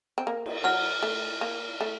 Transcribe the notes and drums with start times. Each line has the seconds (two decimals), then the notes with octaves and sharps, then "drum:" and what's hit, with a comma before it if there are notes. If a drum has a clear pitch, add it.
0.18 C4
0.27 A#3
0.46 drum: cymbal
0.64 F#3 F6
1.02 A3
1.41 A#3
1.81 A3